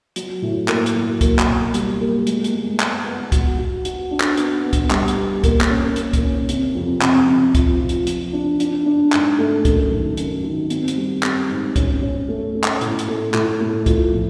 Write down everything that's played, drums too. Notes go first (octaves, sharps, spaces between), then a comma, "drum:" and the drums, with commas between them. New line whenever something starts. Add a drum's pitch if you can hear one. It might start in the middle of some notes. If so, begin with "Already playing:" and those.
F#3, drum: hi-hat
A2
A#3, drum: clap
drum: hi-hat
F#3
A#3, drum: kick, hi-hat
drum: clap
B2
G3, drum: hi-hat
A#3
G#3, drum: hi-hat
drum: hi-hat
G#3
B3, drum: clap
B3
F#4, drum: kick, hi-hat
F#4
F#4, drum: hi-hat
D4
drum: clap
B3, drum: hi-hat
B3
drum: kick, hi-hat
G3, drum: clap
drum: hi-hat
B3
A#3, drum: kick, hi-hat
drum: clap
C#4
A#3, drum: hi-hat
drum: kick, hi-hat
C#4
C3, drum: hi-hat
F2
C3, drum: clap
C3
F3, drum: kick, hi-hat
F4
drum: hi-hat
F3, drum: hi-hat
D4
D4, drum: hi-hat
D4
G#2, drum: clap
A3
F#2, drum: kick, hi-hat
D#3
F#2, drum: hi-hat
D#3
C4, drum: hi-hat
drum: hi-hat
G3
C4, drum: clap
G#2
C#4, drum: kick, hi-hat
C#4
A3
C#4
drum: clap
A2, drum: hi-hat
drum: hi-hat
A3
A2, drum: clap
A3
F4, drum: kick, hi-hat
F3